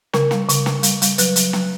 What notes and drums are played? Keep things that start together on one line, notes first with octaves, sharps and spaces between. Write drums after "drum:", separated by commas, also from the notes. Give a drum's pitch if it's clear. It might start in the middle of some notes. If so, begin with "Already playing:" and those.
C#3 A#4, drum: snare
G3, drum: snare
C#3, drum: hi-hat
C#3, drum: snare
G3, drum: hi-hat
G3, drum: hi-hat
F#3 B4, drum: hi-hat
F#3, drum: hi-hat
F#3, drum: snare